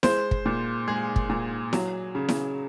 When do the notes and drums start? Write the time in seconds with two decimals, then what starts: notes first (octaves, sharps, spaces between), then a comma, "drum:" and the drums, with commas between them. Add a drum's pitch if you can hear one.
0.03 G#3 C5, drum: snare E4
0.31 drum: kick
0.46 A#2
0.88 G#3 G#4
1.16 drum: kick
1.30 A#2
1.73 F#3, drum: snare E4
2.15 C#3
2.29 drum: snare E4